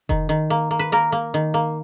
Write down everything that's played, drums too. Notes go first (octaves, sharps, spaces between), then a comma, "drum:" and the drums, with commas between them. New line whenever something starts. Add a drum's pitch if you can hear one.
D#3, drum: kick F1
D#3
A#3
A#3
B4
A#3 A#4
A#3
D#3
A#3